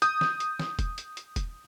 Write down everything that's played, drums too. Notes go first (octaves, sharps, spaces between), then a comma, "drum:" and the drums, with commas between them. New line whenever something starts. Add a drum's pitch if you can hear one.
D#6 G6, drum: hi-hat
drum: snare
drum: hi-hat
drum: snare
drum: kick E1, hi-hat
drum: hi-hat
drum: hi-hat
drum: kick E1, hi-hat